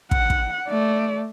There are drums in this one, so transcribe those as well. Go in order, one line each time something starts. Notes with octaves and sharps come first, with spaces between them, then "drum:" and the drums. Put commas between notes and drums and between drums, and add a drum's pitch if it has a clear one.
F#5, drum: kick
drum: kick
A3 D5